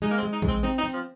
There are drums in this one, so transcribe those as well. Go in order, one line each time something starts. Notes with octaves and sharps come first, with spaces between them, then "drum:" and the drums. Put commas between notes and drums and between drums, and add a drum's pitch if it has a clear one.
G#3 D#4
A#3
C4
G#3
D#4
G#3, drum: kick
C4
C4 D#4
D#4
C4
F3